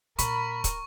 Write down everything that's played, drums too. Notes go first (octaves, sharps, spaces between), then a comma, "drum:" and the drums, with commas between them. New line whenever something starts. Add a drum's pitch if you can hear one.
A#2 A#4 B5 C#6, drum: hi-hat
drum: kick, hi-hat